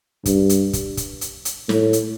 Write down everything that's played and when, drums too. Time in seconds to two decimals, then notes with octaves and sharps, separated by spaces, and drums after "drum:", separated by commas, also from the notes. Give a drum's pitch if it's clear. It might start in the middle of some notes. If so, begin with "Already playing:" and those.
0.26 G2, drum: kick, hi-hat
0.49 drum: hi-hat
0.73 drum: kick, hi-hat
0.97 drum: kick, hi-hat
1.21 drum: hi-hat
1.45 drum: hi-hat
1.69 A2, drum: snare
1.93 drum: hi-hat